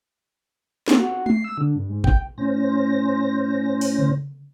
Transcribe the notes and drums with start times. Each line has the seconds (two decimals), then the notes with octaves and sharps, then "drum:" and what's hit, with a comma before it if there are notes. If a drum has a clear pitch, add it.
0.88 A#3, drum: snare
1.00 F#4
1.26 C7, drum: tom G#3
1.44 E6
1.58 D3
1.75 G2
1.89 G#2
2.04 G5, drum: kick
2.38 A2 C#4 C5 A#6
3.81 drum: open hi-hat
3.99 drum: tom C#3